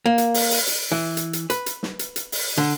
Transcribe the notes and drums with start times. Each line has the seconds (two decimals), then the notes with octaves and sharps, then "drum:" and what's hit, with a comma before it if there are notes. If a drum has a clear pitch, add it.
0.06 A#3
0.18 drum: hi-hat
0.34 drum: open hi-hat
0.51 drum: open hi-hat
0.67 drum: hi-hat
0.92 E3
1.17 drum: hi-hat
1.33 drum: hi-hat
1.50 B4, drum: hi-hat
1.66 drum: hi-hat
1.83 drum: snare
1.99 drum: hi-hat
2.16 drum: hi-hat
2.32 drum: open hi-hat
2.58 D3